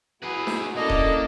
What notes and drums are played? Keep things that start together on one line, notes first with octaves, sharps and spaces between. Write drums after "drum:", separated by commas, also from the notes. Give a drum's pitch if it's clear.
E4 F#4 G#4 B4
drum: snare
A#3 C#4 D4 E4 A4 D#5
drum: kick D#1